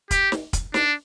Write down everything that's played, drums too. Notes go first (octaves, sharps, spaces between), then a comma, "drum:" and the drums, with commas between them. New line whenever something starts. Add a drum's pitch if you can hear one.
G4, drum: kick, hi-hat
drum: snare
drum: kick, hi-hat
D4, drum: snare